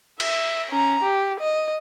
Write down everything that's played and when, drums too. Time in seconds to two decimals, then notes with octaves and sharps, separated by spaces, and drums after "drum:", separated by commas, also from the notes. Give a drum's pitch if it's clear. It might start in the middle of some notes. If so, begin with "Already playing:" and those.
0.20 E5, drum: cymbal
0.70 C#4 A#5
1.03 G4
1.40 D#5